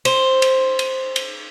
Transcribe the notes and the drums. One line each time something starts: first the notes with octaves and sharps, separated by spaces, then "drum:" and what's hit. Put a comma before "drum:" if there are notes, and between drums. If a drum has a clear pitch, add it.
C5, drum: cymbal
drum: cymbal
drum: cymbal
drum: cymbal